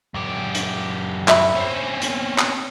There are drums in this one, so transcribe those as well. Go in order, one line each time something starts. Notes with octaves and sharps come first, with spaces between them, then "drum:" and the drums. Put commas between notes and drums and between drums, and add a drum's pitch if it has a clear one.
F#2 G4
drum: hi-hat
E5 B5, drum: clap
C4 C#4
drum: hi-hat
drum: clap